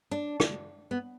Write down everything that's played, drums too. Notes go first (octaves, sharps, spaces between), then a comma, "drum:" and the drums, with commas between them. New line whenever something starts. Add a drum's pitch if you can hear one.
D4
drum: rim click
B3